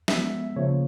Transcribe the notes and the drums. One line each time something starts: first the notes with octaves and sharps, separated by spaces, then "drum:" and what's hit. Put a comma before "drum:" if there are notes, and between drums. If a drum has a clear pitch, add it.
F3 G#3 B3 E5, drum: snare
C#3 F3 A#3 C#5